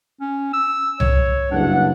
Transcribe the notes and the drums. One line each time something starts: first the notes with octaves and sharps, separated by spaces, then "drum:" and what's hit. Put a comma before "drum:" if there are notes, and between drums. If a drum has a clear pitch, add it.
C#4
E6
C#5, drum: tom C2
F#1 G2 D4 F#5